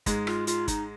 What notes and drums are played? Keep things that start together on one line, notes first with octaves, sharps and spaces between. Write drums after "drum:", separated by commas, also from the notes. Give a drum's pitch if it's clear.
G#2 G#3, drum: kick, hi-hat
F4, drum: rim click
F4, drum: hi-hat
D#4, drum: kick, hi-hat